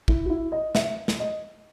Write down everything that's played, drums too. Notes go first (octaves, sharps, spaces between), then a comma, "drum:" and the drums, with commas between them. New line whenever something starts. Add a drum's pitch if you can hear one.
E4, drum: kick
F#4
E4
D#5
E5, drum: snare
drum: snare
D#5